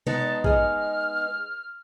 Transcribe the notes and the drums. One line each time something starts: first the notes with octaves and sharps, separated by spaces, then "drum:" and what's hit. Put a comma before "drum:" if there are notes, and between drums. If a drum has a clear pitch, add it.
G#3 B3 D#4 A5, drum: tom B2
G#4 D#5 F6, drum: kick